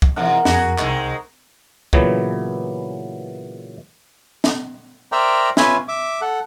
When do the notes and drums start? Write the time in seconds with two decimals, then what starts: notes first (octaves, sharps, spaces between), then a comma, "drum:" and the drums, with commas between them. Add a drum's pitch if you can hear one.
0.02 drum: kick C2
0.16 G#2 B2 E3 A#4 F#5
0.45 F2 F#4 G#4, drum: snare
0.78 C2 G#3 C4 D#4 C#6, drum: clap
1.93 A#2 C#3 E3 F#3 B3, drum: kick C2
4.44 drum: snare
5.12 A#4 C5 D5 E5 G5 A#5
5.57 C#4 F4 B4 E5 G#5, drum: snare
5.88 E5 D6
6.21 A4 F#5